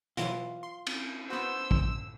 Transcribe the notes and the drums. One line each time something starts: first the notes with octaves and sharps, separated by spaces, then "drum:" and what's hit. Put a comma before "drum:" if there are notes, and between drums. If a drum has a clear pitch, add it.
B2 E3 F#3 F4, drum: hi-hat
C6
drum: cymbal
B3 F#4 C5 E6
drum: kick A1